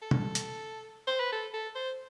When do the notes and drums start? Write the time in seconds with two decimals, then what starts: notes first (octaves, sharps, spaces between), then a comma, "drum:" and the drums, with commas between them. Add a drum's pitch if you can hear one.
0.02 A4
0.11 drum: tom B2
0.35 drum: hi-hat
1.07 C5
1.20 B4
1.32 A4
1.54 A4
1.75 C5